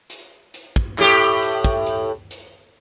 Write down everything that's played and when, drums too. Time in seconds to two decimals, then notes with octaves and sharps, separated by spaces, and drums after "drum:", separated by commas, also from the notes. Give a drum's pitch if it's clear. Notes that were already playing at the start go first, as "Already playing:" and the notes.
0.10 drum: hi-hat
0.54 drum: hi-hat
0.76 drum: kick
0.98 A2 G4, drum: clap
1.42 drum: hi-hat
1.64 drum: kick
1.87 drum: hi-hat
2.31 drum: hi-hat